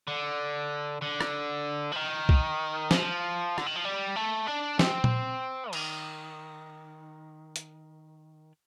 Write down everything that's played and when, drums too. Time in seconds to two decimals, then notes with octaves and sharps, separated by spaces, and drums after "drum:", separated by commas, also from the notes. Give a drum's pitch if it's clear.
0.08 D3
1.02 D3
1.21 drum: rim click
1.92 F3
1.96 D#3
2.29 drum: kick
2.91 F3, drum: snare
3.58 D3, drum: rim click
3.67 D#3
3.76 F3
3.85 G3
4.16 A3
4.48 D4
4.79 C4, drum: snare
5.04 drum: tom A#2
5.73 D#3, drum: cymbal
7.56 drum: hi-hat